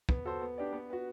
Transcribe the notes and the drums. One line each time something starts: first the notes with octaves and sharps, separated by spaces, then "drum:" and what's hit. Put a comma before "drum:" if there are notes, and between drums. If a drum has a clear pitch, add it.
B3, drum: kick
F#4 A4 C5
B3
D4 G4 D5
B3
F#4 B4